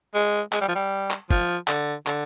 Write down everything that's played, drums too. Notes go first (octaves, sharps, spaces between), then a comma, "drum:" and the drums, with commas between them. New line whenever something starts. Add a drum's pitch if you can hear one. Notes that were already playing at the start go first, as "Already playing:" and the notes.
G#3
G#3, drum: clap
G3
F3
G3
drum: clap
F3, drum: kick
D3, drum: clap
D3, drum: clap